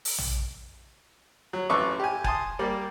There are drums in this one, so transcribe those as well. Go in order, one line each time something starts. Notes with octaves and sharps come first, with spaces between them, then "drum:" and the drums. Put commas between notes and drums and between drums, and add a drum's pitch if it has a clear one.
drum: open hi-hat
drum: tom A#1
F#3
A1 F2 B4 E5 C#6 D6
G4 G#5
G#5 A5 C6 D#6, drum: kick
G3 A#3 D5